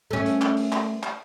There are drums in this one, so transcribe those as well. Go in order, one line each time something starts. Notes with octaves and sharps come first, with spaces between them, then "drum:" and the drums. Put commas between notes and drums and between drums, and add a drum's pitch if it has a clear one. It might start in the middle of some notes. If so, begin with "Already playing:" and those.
A3 C#4
drum: hi-hat
drum: clap
drum: open hi-hat
drum: clap
drum: clap